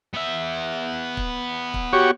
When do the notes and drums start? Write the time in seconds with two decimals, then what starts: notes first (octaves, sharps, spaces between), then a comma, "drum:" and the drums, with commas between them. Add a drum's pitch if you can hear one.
0.14 B3 E5
1.17 drum: kick
1.74 drum: kick
1.93 F#4 G4 C#5